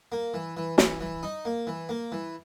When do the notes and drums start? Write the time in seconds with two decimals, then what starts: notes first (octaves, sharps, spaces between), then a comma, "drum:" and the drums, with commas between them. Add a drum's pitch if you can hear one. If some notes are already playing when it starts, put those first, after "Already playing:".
0.12 A#3
0.34 E3
0.57 E3
0.78 E3, drum: snare
1.01 E3
1.23 D#4
1.45 A#3
1.67 E3
1.89 A#3
2.12 E3